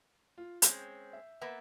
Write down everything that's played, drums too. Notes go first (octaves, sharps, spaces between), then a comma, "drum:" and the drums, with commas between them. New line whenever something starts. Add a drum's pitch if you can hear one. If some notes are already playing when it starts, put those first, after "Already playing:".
F4
G#3 C4 C#4 G6, drum: hi-hat
E5
A#3 B3 E5